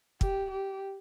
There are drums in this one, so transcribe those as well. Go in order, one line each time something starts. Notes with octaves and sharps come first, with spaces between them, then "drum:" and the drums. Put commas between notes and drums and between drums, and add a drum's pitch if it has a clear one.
G4, drum: kick
G4